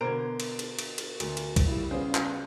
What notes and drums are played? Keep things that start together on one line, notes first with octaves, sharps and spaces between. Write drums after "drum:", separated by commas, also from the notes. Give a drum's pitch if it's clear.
B2 D3 A#4 C5 A#5 G#6 D7
drum: cymbal
drum: cymbal
drum: cymbal
drum: cymbal
D2, drum: cymbal
drum: cymbal
drum: kick, cymbal
G3 E4
C#3 G3 B3 C#4 F4 G#4 C5
drum: clap